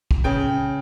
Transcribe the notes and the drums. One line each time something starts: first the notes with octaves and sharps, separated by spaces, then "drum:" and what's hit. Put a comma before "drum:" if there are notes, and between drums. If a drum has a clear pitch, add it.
drum: kick
C#3 G5